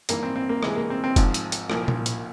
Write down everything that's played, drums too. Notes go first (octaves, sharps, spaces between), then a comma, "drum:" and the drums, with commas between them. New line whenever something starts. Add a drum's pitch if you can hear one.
G#1 G2 E3 A#3, drum: hi-hat
C4
C4
A#3
C#2 C3 E3 G#3, drum: rim click
A#3
C4
C4
G#1 G#2 F3, drum: kick F#1, hi-hat
drum: hi-hat
drum: hi-hat
C2 A#2 F3, drum: rim click
drum: tom A#2
drum: hi-hat